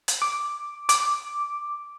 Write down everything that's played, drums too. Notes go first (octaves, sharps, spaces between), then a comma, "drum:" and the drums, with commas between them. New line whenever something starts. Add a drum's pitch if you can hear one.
drum: hi-hat
D6
D6, drum: hi-hat